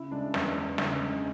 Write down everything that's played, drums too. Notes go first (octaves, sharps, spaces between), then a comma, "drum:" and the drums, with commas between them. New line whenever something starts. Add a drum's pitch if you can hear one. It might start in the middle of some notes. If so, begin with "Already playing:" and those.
Already playing: C#3 E4
G#3 D4
E2, drum: snare
E2
C#3, drum: snare
G#3